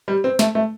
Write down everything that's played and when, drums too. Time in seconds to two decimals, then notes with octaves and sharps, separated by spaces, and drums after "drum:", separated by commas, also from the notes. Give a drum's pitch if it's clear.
0.08 G3
0.24 C4
0.39 A3, drum: snare
0.55 A3